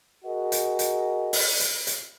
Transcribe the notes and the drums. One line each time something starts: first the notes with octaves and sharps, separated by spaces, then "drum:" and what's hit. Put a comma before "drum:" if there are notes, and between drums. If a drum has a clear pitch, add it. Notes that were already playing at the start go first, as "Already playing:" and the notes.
F#4 G#4 A#4 D#5
drum: hi-hat
drum: hi-hat
drum: open hi-hat
drum: hi-hat
drum: hi-hat